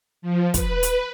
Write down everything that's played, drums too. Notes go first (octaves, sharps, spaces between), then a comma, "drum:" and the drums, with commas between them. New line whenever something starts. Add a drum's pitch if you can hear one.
F3
B4, drum: kick, hi-hat
drum: hi-hat